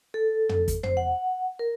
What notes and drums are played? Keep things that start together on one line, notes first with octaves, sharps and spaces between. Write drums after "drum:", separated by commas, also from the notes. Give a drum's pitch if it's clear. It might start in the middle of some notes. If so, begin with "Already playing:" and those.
A4
drum: tom
drum: kick, hi-hat
C5, drum: tom
F#5
A#4